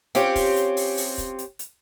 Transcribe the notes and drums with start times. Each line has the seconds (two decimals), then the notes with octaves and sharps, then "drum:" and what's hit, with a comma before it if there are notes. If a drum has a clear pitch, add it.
0.15 C4 C#4 F4 G4, drum: hi-hat
0.35 drum: kick, open hi-hat
0.56 drum: hi-hat
0.77 drum: open hi-hat
0.97 drum: open hi-hat
1.18 drum: kick, hi-hat
1.39 drum: hi-hat
1.59 drum: hi-hat